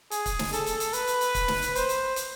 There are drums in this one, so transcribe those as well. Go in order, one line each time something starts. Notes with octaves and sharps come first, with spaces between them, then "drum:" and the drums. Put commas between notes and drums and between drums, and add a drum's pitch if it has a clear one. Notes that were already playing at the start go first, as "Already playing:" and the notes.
G#4, drum: hi-hat
drum: kick, hi-hat
drum: snare
A4, drum: hi-hat
drum: hi-hat
drum: hi-hat
B4, drum: hi-hat
drum: hi-hat
drum: hi-hat
drum: kick, hi-hat
drum: snare
drum: hi-hat
C5, drum: hi-hat
drum: hi-hat
drum: hi-hat